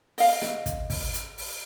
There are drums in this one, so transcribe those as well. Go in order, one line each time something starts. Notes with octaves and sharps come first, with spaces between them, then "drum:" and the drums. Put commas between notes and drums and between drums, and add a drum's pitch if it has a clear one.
D#5 F5, drum: open hi-hat
drum: snare
drum: kick, hi-hat
drum: kick, open hi-hat
drum: hi-hat
drum: open hi-hat